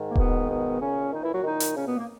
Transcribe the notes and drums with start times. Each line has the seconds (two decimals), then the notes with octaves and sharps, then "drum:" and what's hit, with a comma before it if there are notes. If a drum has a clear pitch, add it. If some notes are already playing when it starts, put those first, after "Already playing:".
Already playing: G#2 D#3
0.09 A#3
0.15 B2 B3, drum: kick D#1
0.48 B2 B3
0.80 A#2 C#3 C#4
1.11 D#3 D#4
1.22 E3 E4
1.33 F#3 F#4
1.43 D#3 D#4
1.60 drum: hi-hat
1.75 C#3 C#4
1.85 B2 B3
1.97 A#3